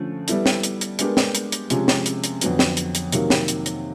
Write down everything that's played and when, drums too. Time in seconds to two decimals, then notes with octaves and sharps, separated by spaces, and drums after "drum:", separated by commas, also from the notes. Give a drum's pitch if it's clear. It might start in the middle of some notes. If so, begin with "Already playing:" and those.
Already playing: D3 F3 A3 C#4
0.28 G3 B3 E4 A4, drum: hi-hat
0.46 drum: snare
0.63 drum: hi-hat
0.81 drum: hi-hat
0.99 G#3 B3 D4 G4 A#4, drum: hi-hat
1.17 drum: snare
1.35 drum: hi-hat
1.52 drum: hi-hat
1.70 C3 F3 G#3 C#4, drum: hi-hat
1.88 drum: snare
2.06 drum: hi-hat
2.24 drum: hi-hat
2.41 F2 D3 F#3 B3, drum: hi-hat
2.59 drum: snare
2.77 drum: hi-hat
2.95 drum: hi-hat
3.12 C3 D#3 F#3 A#3, drum: hi-hat
3.30 drum: snare
3.48 drum: hi-hat
3.66 drum: hi-hat